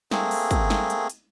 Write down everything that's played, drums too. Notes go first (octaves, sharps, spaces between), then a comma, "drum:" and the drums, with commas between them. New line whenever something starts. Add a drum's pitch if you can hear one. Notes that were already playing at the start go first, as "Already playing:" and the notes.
A3 A#3 C4 G#4, drum: snare
drum: open hi-hat
drum: kick, hi-hat
drum: snare
drum: hi-hat
drum: hi-hat